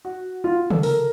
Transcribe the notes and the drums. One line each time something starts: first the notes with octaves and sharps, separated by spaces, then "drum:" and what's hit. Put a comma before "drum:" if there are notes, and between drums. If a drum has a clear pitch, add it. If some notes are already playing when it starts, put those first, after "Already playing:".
F#4
F4
A4, drum: tom
A#4, drum: open hi-hat